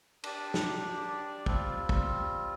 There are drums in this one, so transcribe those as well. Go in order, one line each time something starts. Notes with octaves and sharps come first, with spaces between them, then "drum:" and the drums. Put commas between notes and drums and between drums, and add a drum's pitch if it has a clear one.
D4 G4 D5, drum: cymbal
drum: snare
G3 C4 F4, drum: kick
drum: kick